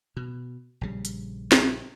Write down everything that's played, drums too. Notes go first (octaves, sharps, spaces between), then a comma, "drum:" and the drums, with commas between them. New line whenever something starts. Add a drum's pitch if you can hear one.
B2
A#1 C#3 G3
drum: hi-hat
drum: snare